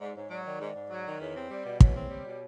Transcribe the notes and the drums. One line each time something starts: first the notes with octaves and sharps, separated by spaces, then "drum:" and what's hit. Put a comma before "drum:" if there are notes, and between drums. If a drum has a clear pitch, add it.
G#2 D5
G#2 C#5
F#3 D5
D#3 D5
G#2
G#2
F#3
D#3
E2 C#5
C4
G3 D5
B2
E2 C#5, drum: kick
C4
G3
B2